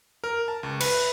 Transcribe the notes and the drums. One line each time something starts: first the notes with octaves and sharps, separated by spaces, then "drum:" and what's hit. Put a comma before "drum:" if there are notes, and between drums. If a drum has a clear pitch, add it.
A#4
A5
C#2
B4, drum: cymbal